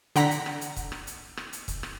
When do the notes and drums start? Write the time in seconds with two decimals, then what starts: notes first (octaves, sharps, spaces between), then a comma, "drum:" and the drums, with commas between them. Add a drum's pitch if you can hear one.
0.16 D3 F#5 A#5 B6, drum: hi-hat
0.31 drum: hi-hat
0.46 drum: rim click
0.61 drum: hi-hat
0.76 drum: kick, hi-hat
0.92 drum: rim click
1.07 drum: hi-hat
1.37 drum: rim click
1.53 drum: hi-hat
1.68 drum: kick, hi-hat
1.83 drum: rim click